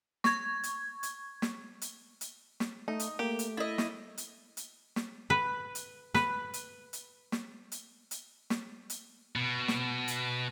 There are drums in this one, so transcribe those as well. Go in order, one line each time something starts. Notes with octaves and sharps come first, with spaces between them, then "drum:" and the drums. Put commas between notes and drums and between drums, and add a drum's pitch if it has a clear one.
C#6 G#6, drum: snare
drum: hi-hat
drum: hi-hat
drum: snare
drum: hi-hat
drum: hi-hat
drum: snare
A3 D#4
drum: hi-hat
A3 A#3 G4 A#4
drum: hi-hat
E4 D#5 A6
drum: snare
drum: hi-hat
drum: hi-hat
drum: snare
B4
drum: hi-hat
B4, drum: snare
drum: hi-hat
drum: hi-hat
drum: snare
drum: hi-hat
drum: hi-hat
drum: snare
drum: hi-hat
B2
drum: snare
drum: hi-hat